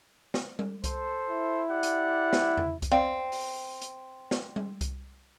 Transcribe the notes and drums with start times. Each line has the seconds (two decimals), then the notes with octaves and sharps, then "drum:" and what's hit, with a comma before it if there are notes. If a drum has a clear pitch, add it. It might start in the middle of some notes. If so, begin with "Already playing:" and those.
0.34 drum: snare
0.59 drum: tom G3
0.84 A4 C5, drum: kick C2, hi-hat
1.29 E4
1.69 G4 D5 F#5
1.83 drum: hi-hat
2.33 drum: snare
2.57 drum: tom E2
2.82 drum: kick C2, hi-hat
2.91 C4 D5 F5 G5
3.32 drum: open hi-hat
3.82 drum: hi-hat
4.31 drum: snare
4.56 drum: tom G3
4.81 drum: kick C2, hi-hat